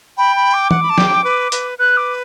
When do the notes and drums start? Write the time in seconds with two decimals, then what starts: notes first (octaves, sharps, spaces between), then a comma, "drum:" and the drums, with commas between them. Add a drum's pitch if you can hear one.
0.17 G5 B5
0.35 B5
0.53 D6
0.71 F#5, drum: tom E3
0.83 B5
0.90 A5
0.98 G5, drum: snare
1.24 B4
1.52 B4, drum: hi-hat
1.78 B4 F#6
1.96 D6